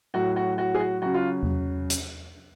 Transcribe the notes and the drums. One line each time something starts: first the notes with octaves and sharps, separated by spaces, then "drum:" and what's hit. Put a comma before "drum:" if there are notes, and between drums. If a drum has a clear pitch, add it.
A2 F#3 F#4
F#4
F#4
G#4
F#4
C#3 F#3 F#4
F4
drum: tom E2
drum: hi-hat